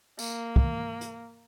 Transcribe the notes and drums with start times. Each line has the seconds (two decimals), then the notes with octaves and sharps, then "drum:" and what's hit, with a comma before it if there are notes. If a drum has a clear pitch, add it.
0.19 A#3, drum: tambourine
0.56 drum: kick
1.01 drum: hi-hat